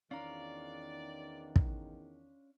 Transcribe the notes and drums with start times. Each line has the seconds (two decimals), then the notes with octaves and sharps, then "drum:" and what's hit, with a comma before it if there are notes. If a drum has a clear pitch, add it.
0.11 E2 D#3 C#4 D4 F4 D5 F5 A#5
1.56 drum: kick